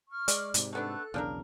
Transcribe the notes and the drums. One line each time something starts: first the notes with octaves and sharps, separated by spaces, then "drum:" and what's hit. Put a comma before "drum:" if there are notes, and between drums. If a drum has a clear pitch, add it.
C#6 F6
G#3 D5, drum: hi-hat
G#2 C3, drum: hi-hat
A3 B3 D4 A4 F#6
B1 E2 C#3 F3 D4 A#4